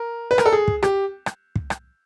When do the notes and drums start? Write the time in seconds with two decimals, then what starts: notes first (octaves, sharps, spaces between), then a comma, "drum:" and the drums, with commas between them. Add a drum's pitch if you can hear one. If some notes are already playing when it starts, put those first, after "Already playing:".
Already playing: A#4
0.31 B4
0.38 A#4, drum: rim click
0.46 A4
0.53 G#4
0.68 drum: kick
0.83 G4, drum: rim click
1.26 drum: rim click
1.56 drum: kick
1.70 drum: rim click